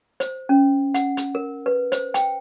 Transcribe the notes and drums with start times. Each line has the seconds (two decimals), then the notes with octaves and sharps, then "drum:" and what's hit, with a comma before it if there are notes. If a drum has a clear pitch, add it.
0.20 C5, drum: hi-hat
0.49 C#4
0.94 F#5, drum: hi-hat
1.17 drum: hi-hat
1.35 A#4
1.66 B4
1.92 C5, drum: hi-hat
2.14 G5, drum: hi-hat